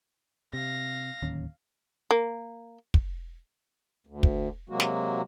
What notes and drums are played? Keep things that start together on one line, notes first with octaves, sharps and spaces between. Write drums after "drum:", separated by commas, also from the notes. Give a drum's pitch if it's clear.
C3 F5 A#6
D1 D#2 C#4
A#3
drum: kick
D2
drum: kick
C3 F#3 G#3 A#3 F#4
drum: snare